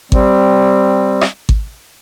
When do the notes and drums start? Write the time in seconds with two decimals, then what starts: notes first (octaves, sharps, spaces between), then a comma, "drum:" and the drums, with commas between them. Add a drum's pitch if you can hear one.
0.12 G3 C4, drum: kick G#1
1.21 drum: rim click
1.49 drum: kick G#1